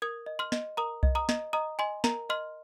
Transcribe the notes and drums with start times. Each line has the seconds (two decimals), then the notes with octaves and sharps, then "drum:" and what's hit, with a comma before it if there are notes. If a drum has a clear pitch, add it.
0.02 A#4 D#6 G#6
0.26 D#5
0.39 C6 F6
0.52 D#5, drum: snare
0.77 A#4 A#5 D#6
1.03 D#5, drum: kick B1
1.15 A#5 D#6
1.29 D#5, drum: snare
1.53 D#5 A#5 D#6
1.79 D#5 G#5 C6
2.04 A#4 A#5, drum: snare
2.30 D#5 C6 F6